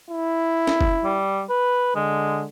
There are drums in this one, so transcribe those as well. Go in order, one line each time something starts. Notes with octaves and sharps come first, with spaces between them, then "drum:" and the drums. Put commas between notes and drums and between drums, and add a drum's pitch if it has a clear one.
E4
drum: snare
drum: kick
G3
B4
D3 G#3